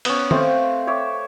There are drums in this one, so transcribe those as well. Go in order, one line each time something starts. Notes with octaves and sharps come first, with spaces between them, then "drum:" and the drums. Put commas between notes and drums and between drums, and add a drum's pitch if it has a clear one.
B3 C#4, drum: cymbal
A3 C4 F5 G5, drum: tom
C#5 E5 D6